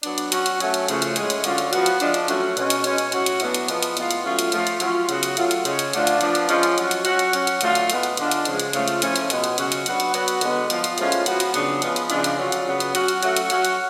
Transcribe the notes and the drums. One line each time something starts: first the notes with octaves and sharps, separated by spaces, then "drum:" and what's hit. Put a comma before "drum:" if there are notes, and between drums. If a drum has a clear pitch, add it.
F#3 B3 D4, drum: hi-hat
drum: hi-hat
F#3 C#4 F#4, drum: hi-hat
drum: hi-hat
F#3 A3 C#4, drum: hi-hat
drum: hi-hat
C#3 F3 A3 C#4 F#4, drum: hi-hat
drum: hi-hat
A2 G#3 C#4, drum: hi-hat
drum: hi-hat
D3 F#3 C#4 F4, drum: hi-hat
drum: hi-hat
F3 B3 F#4, drum: hi-hat
drum: hi-hat
F3 G#3 D4, drum: hi-hat
drum: hi-hat
F#3 A3 C#4 F#4, drum: hi-hat
B2 G#3 C#4 F#4, drum: hi-hat
drum: hi-hat
B2 G#3 C#4, drum: hi-hat
drum: hi-hat
A2 F#3 C#4 F#4, drum: hi-hat
drum: hi-hat
A2 F#3 B3 D4, drum: hi-hat
drum: hi-hat
F3 G#3 B3, drum: hi-hat
drum: hi-hat
A2 G#3 B3 F4, drum: hi-hat
drum: hi-hat
F#3 A3 C#4 F4
drum: hi-hat
F3 A3 F4, drum: hi-hat
drum: hi-hat
F#3 C#4 F4, drum: hi-hat
C#3 F#3 B3 F#4, drum: hi-hat
drum: hi-hat
F#3 A3 F4, drum: hi-hat
drum: hi-hat
C#3 G#3 C#4, drum: hi-hat
drum: hi-hat
D3 F3 A3 D4 F4, drum: hi-hat
drum: hi-hat
F3 B3 D4, drum: hi-hat
drum: hi-hat
F3 G#3 C#4 F4, drum: hi-hat
drum: hi-hat
F#3 C#4 F#4, drum: hi-hat
drum: hi-hat
F#3 C#4 F#4, drum: hi-hat
drum: hi-hat
F#3 C#4 F#4, drum: hi-hat
drum: hi-hat
D3 F#3 A3 F4, drum: hi-hat
drum: hi-hat
A2 G#3 B3, drum: hi-hat
drum: hi-hat
D3 G#3 D4 F4, drum: hi-hat
drum: hi-hat
C#3 F3 G#3, drum: hi-hat
drum: hi-hat
C#3 F3 A3 F4, drum: hi-hat
drum: hi-hat
A2 F3 A3 C#4, drum: hi-hat
drum: hi-hat
B2 G#3 B3, drum: hi-hat
drum: hi-hat
C#3 F#3 C#4 F#4, drum: hi-hat
drum: hi-hat
F#3 B3 D4 F#4, drum: hi-hat
drum: hi-hat
F#3 B3 F#4, drum: hi-hat
drum: hi-hat
D3 G#3 B3 F#4, drum: hi-hat
F3 B3 F4, drum: hi-hat
drum: hi-hat
A2 F3 G#3 C#4 F4, drum: hi-hat
drum: hi-hat
F3 B3 F#4, drum: hi-hat
drum: hi-hat
C#3 F#3 B3 D4, drum: hi-hat
F3 G#3 B3, drum: hi-hat
drum: hi-hat
C#3 F3 G#3 D4 F4, drum: hi-hat
drum: hi-hat
D3 F#3 C#4 F4
drum: hi-hat
C#3 F#3 B3
drum: hi-hat
F#3 C#4 F#4, drum: hi-hat
drum: hi-hat
F#3 A3 C#4 F#4, drum: hi-hat
drum: hi-hat
F#3 C#4 F#4, drum: hi-hat
drum: hi-hat